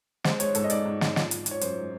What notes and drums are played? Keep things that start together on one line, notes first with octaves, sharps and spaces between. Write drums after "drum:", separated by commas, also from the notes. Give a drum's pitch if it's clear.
G#3 C5, drum: snare
G#3 C#5, drum: hi-hat
G#2 A4, drum: hi-hat
D#5
G#2 D5, drum: hi-hat
G#2
G#2, drum: snare
F3, drum: snare
F3, drum: hi-hat
F3, drum: hi-hat
C#5
F#2 C5, drum: hi-hat
G#3